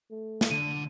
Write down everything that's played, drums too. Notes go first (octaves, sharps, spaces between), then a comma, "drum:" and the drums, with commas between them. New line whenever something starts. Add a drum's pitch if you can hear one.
A3
drum: snare
D3 D#7